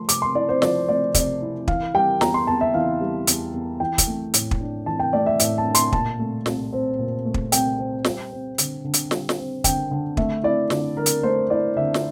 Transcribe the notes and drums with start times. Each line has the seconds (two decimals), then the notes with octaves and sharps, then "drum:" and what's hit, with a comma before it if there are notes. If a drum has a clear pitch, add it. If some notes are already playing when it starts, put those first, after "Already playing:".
Already playing: F3 A3 C6
0.09 C3 D6, drum: hi-hat
0.22 C6
0.35 E4 D5
0.49 C5
0.62 F3 D5, drum: snare
0.88 A3 D5
1.14 C3 D5, drum: kick, hi-hat
1.42 E4
1.68 E3 F5, drum: kick
1.94 G3 G5
2.21 E2 A#5, drum: snare
2.34 C6
2.47 E2 A5
2.61 E5
2.74 E3 F5
3.01 G3
3.27 E2, drum: hi-hat
3.54 E2
3.80 E3 G5
3.98 drum: kick, hi-hat
4.07 A3
4.34 A2, drum: hi-hat
4.51 drum: kick
4.61 D4
4.86 E3 A5
5.00 G5
5.13 A3 D5
5.26 E5
5.40 A2 E5, drum: hi-hat
5.58 A5
5.66 D4
5.75 C6, drum: hi-hat
5.92 A#2 A5, drum: kick
6.19 A3
6.46 C2, drum: snare
6.73 C4
6.98 A#2
7.25 A3
7.34 drum: kick
7.52 C2 G5, drum: hi-hat
7.79 C4
8.04 G3, drum: snare
8.31 C4
8.58 D3, drum: hi-hat
8.84 D3
8.94 drum: hi-hat
9.11 G3, drum: snare
9.29 drum: snare
9.38 C4
9.64 D3 G5, drum: kick, hi-hat
9.91 D3
10.17 A3 E5, drum: kick
10.43 E4 D5
10.70 D3, drum: snare
10.97 D3 A#4
11.06 drum: hi-hat
11.23 A3 C5
11.50 E4 D5
11.76 D3 E5
11.94 drum: snare